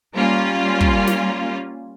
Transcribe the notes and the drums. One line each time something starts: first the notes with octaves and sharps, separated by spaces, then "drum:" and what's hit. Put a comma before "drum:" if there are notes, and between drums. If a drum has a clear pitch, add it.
G3 A#3 C#4 F4
drum: kick
drum: snare